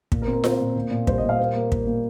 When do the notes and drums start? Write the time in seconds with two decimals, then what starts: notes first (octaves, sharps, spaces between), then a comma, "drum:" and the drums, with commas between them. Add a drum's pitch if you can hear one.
0.12 A#2, drum: kick
0.22 A#4
0.27 C4
0.33 A#4
0.44 C4 C5, drum: snare F4
0.60 A#2
0.76 A#2
0.91 A#2
1.07 G3 C5, drum: kick
1.18 D#5
1.24 A#2
1.29 F5
1.39 A#3 C5
1.55 A#3
1.72 A#3, drum: kick
1.87 A#2